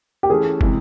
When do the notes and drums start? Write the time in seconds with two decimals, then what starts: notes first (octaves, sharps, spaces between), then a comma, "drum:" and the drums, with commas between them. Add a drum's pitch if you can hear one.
0.23 G4
0.30 E3 A3 C#4 G#4
0.61 C3 E3 G#3, drum: kick